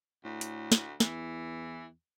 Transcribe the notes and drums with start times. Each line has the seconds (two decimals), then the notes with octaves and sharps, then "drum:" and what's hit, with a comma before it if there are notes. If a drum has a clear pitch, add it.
0.24 D2 A2
0.41 drum: hi-hat
0.72 drum: snare
1.00 E2 E3, drum: snare